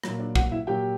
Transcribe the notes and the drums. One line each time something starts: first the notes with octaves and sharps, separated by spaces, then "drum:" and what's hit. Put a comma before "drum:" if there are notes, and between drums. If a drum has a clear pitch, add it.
A#2 F#3, drum: rim click
D4 D5
F#4 F#5, drum: kick
E4 E5
A#2 F#3 G4 G5